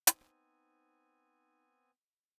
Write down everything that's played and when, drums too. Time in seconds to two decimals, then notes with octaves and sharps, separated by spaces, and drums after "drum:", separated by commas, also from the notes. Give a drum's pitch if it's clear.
0.07 B3 C4 D#4 C5 G#5, drum: hi-hat